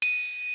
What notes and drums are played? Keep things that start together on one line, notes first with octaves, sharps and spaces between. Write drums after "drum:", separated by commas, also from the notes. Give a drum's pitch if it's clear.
D#7, drum: cymbal